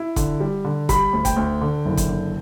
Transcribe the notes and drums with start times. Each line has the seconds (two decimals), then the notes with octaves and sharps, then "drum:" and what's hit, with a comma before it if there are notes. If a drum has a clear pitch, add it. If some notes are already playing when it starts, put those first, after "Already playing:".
Already playing: E4
0.16 D3, drum: kick E1, hi-hat
0.40 G3
0.65 D3
0.89 G3 B5, drum: kick E1, hi-hat
1.13 D2
1.25 G5, drum: kick E1, hi-hat
1.37 D2
1.61 D3
1.85 F#1
1.97 drum: kick E1, hi-hat
2.09 D3